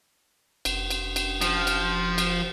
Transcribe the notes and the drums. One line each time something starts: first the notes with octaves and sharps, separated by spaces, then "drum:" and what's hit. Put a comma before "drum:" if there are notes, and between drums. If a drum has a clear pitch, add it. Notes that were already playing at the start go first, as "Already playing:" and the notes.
F1, drum: cymbal
drum: cymbal
drum: cymbal
F3, drum: cymbal
drum: cymbal
drum: cymbal